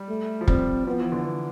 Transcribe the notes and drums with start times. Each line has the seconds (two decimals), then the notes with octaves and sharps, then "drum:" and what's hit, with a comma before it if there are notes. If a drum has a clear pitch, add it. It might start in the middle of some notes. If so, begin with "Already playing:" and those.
Already playing: G3
0.09 A3
0.41 F3
0.48 G3 C4, drum: kick
0.87 F3 B3
1.00 E3
1.12 D3